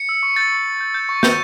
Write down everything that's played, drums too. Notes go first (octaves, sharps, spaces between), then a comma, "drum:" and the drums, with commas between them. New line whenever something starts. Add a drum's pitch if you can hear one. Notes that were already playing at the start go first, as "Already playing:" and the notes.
Already playing: C#7
E6
C#6
G6 A6
C#6
C#6
G6
G6
C#6
G6, drum: snare